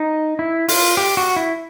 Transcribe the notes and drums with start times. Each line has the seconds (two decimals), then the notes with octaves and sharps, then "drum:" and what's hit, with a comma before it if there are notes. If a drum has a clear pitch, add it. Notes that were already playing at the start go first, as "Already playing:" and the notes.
Already playing: D#4
0.39 E4
0.68 F4, drum: open hi-hat
0.97 G4
1.17 F#4
1.36 E4